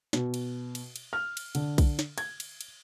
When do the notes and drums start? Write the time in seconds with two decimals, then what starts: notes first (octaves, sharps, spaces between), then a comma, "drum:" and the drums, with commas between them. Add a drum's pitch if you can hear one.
0.13 B2, drum: snare
0.34 drum: cymbal
0.75 drum: cymbal
0.96 drum: cymbal
1.13 F6
1.37 drum: cymbal
1.55 D3, drum: cymbal
1.78 drum: kick B1, cymbal
1.99 drum: snare
2.18 G#6, drum: cymbal
2.40 drum: cymbal
2.61 drum: cymbal